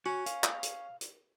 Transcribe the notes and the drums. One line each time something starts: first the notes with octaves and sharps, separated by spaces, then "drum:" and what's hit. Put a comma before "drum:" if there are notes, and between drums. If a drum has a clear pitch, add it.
C#4 F#4
F5, drum: hi-hat
drum: clap
drum: hi-hat
drum: hi-hat